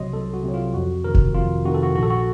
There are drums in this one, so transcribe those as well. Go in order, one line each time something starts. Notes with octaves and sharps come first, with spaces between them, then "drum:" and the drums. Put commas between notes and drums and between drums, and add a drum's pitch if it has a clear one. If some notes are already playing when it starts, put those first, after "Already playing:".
Already playing: C2 C3 F#3 D#5 C6
C2 A4
F#4
C3 F#3
F4
F2 F#4
C3 D#3 A#4
drum: kick F1
F2 F4
C3 D#3 F#4
A4
F#4
A#1 F#4
A4
F#4